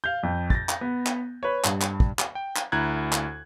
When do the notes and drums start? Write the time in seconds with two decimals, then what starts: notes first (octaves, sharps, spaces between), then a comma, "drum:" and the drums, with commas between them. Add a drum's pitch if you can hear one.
0.04 F5 G6
0.23 F2
0.50 A6 A#6, drum: kick
0.69 drum: clap
0.81 B3
1.06 drum: clap
1.43 B4 C#5
1.64 G2, drum: clap
1.81 drum: clap
2.00 drum: kick
2.19 drum: clap
2.35 G5
2.56 drum: clap
2.72 D2 E4 A#5 F#6 G#6
3.12 drum: clap